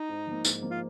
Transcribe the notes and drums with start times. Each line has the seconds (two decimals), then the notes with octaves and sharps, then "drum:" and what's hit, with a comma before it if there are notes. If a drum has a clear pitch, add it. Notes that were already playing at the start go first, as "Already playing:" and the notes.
Already playing: D#4
0.09 G#2
0.27 F3 A#3
0.45 G#2, drum: tambourine
0.62 F3 A#3
0.71 F4